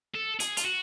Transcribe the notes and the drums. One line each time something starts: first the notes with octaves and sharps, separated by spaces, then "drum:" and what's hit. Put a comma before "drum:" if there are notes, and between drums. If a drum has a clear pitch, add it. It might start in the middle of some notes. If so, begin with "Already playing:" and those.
A4
G#4, drum: hi-hat
F4, drum: hi-hat
F#4